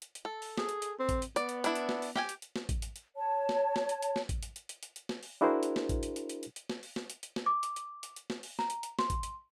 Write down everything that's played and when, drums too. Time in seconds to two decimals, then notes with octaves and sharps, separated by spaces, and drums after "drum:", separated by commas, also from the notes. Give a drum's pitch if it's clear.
0.02 drum: hi-hat
0.15 drum: hi-hat
0.25 A4
0.42 drum: open hi-hat
0.58 G#4, drum: snare
0.69 drum: hi-hat
0.82 drum: hi-hat
0.99 C4
1.09 drum: kick A1, hi-hat
1.22 drum: hi-hat
1.36 B3 D5, drum: hi-hat
1.49 drum: hi-hat
1.64 D4 E4, drum: hi-hat
1.75 drum: hi-hat
1.89 drum: snare
2.02 drum: open hi-hat
2.16 G4 G5 G#5, drum: snare
2.29 drum: hi-hat
2.42 drum: hi-hat
2.56 drum: snare
2.69 drum: kick A1, hi-hat
2.82 drum: hi-hat
2.96 drum: hi-hat
3.17 C#5 A5
3.49 drum: snare
3.76 drum: snare
3.89 drum: hi-hat
4.02 drum: hi-hat
4.16 drum: snare
4.29 drum: kick A1, hi-hat
4.43 drum: hi-hat
4.56 drum: hi-hat
4.69 drum: hi-hat
4.83 drum: hi-hat
4.96 drum: hi-hat
5.09 drum: snare
5.23 drum: open hi-hat
5.41 D4 E4 F#4 G#4 A#4 C5
5.63 drum: hi-hat
5.76 drum: snare
5.89 drum: kick A1, hi-hat
6.03 drum: hi-hat
6.16 drum: hi-hat
6.29 drum: hi-hat
6.43 drum: hi-hat
6.56 drum: hi-hat
6.70 drum: snare
6.83 drum: open hi-hat
6.96 drum: snare
7.10 drum: hi-hat
7.23 drum: hi-hat
7.36 drum: snare
7.46 D6
7.63 drum: hi-hat
7.76 drum: hi-hat
8.03 drum: hi-hat
8.16 drum: hi-hat
8.30 drum: snare
8.43 drum: open hi-hat
8.59 A#5, drum: snare
8.70 drum: hi-hat
8.83 drum: hi-hat
8.99 C6, drum: snare
9.10 drum: kick A1, hi-hat
9.23 drum: hi-hat